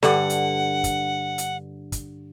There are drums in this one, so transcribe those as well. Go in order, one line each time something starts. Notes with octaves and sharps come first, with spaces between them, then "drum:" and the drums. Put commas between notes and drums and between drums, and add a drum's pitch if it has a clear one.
G2 D3 F#5, drum: snare
drum: hi-hat
drum: kick, hi-hat
drum: hi-hat
drum: kick, hi-hat